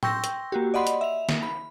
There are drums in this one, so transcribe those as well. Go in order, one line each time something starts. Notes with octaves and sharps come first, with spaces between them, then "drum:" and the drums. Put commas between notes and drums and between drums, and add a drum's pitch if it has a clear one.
G5 C6 C#6 E6 G6 A#6, drum: tom A2
drum: hi-hat
A#3 F#4 G4
D5 D#5 F#5 B5 C6
drum: hi-hat
E5 F7
drum: snare
B5